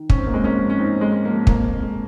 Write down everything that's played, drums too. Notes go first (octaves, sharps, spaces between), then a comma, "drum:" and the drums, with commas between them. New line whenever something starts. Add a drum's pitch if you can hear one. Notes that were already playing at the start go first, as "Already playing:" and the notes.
Already playing: D#3
G#2 C#4, drum: kick
C4
G#2 A#3
G#3 C4
G#3 A#3 C#4
F3
C#4
G#2 C4 D#4
G#2 G#3
G#3
A#3
F3
F2 A#3, drum: kick
F2
G#3